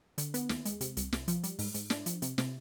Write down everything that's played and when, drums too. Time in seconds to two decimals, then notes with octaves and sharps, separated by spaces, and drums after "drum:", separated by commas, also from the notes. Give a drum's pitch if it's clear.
0.18 D3, drum: hi-hat
0.34 B3, drum: hi-hat
0.49 D#2, drum: snare
0.65 G#3, drum: hi-hat
0.81 C3, drum: hi-hat
0.97 C2, drum: hi-hat
1.12 C2, drum: snare
1.28 F3, drum: hi-hat
1.43 G3, drum: hi-hat
1.59 G#2, drum: open hi-hat
1.74 G#2, drum: hi-hat
1.90 D4, drum: snare
2.06 F3, drum: hi-hat
2.22 C3, drum: hi-hat
2.38 C3, drum: snare